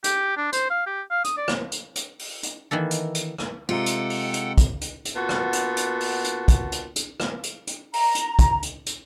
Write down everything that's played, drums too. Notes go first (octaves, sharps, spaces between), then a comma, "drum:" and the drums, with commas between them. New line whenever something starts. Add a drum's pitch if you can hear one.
G4, drum: hi-hat
D4
C5, drum: hi-hat
F5
G4
F5
D#6, drum: hi-hat
D5
drum: rim click
drum: hi-hat
drum: hi-hat
drum: open hi-hat
drum: hi-hat
D#3 E3 A#3 A4
drum: hi-hat
drum: hi-hat
drum: rim click
C3 G#3 F4 A4 D#5 F#5 G5 A#5
drum: hi-hat
drum: open hi-hat
drum: hi-hat
drum: kick, hi-hat
drum: hi-hat
drum: hi-hat
A#2 B3 F#4 F#5 A5
drum: rim click
drum: hi-hat
drum: hi-hat
drum: open hi-hat
drum: hi-hat
drum: kick, hi-hat
drum: hi-hat
drum: hi-hat
drum: rim click
drum: hi-hat
drum: hi-hat
A#5, drum: open hi-hat
drum: hi-hat
drum: kick, hi-hat
drum: hi-hat
drum: hi-hat